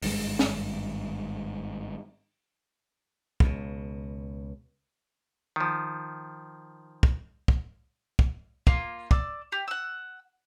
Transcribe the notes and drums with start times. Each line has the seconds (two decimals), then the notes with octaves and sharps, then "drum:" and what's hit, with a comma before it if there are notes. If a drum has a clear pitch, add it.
0.02 G#1 G2 D#3 G#3, drum: open hi-hat
0.39 drum: snare
3.40 C#2 B2, drum: kick
5.56 D#3 F3
7.03 drum: kick
7.48 drum: kick
8.19 drum: kick
8.67 A#3 F4, drum: kick
9.11 D5 E6, drum: kick
9.52 G4
9.68 F#5 E6